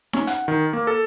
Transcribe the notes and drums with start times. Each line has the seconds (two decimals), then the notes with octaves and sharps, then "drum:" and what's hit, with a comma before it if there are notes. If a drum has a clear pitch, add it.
0.13 C#4, drum: snare D#4
0.27 F#5, drum: hi-hat
0.48 D#3
0.73 A#3
0.87 A4